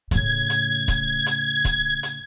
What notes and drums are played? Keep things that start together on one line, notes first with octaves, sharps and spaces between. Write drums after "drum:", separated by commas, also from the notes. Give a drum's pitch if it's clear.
A2 C#3 G#6, drum: kick, hi-hat
drum: hi-hat
drum: kick, hi-hat
drum: hi-hat
drum: kick, hi-hat
drum: hi-hat